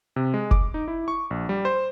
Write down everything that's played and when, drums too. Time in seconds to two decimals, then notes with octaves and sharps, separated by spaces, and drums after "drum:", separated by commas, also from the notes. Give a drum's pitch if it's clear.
0.16 C3
0.34 G#3
0.51 D6, drum: kick F1
0.74 D#4
0.88 E4
1.08 C#6
1.30 A#1
1.49 G3
1.65 C5